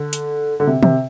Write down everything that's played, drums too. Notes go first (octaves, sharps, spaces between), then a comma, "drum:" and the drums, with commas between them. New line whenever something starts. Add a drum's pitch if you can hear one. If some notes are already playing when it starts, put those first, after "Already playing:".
Already playing: D3
drum: hi-hat
D3
C3
C3, drum: tom